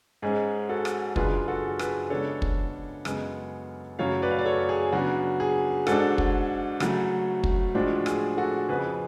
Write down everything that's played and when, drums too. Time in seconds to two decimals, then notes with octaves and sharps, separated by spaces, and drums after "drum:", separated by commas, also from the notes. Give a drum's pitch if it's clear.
0.22 G#2 G#3 C#4 G#4
0.69 F#4 A4
0.85 drum: rim click
1.16 F#2 C#3 G#3 D4 F4 G#4 B4, drum: kick
1.48 F#4 A4
1.79 G#4 B4, drum: rim click
2.10 C#3 G#3 B3 D4 A4 C#5
2.42 drum: kick
3.05 F#2 C#3 G#3 B3, drum: rim click
3.99 F#2 C#3 F#3 A3 C#5 F5
4.22 B4 D5
4.31 F5
4.39 D5
4.45 A4 C#5
4.69 G#4
4.93 C#3 F#3 B3 D4 F#4
5.40 G#4
5.87 G#2 G#3 D4 F#4 A4, drum: rim click
6.18 drum: kick
6.80 C#3 F#3 A3, drum: rim click
7.44 drum: kick
7.75 A2 F3 G#3 D4 F4 F#4
8.06 G#4, drum: rim click
8.37 F#4 A4
8.69 F2 C#3 F3 G#4 B4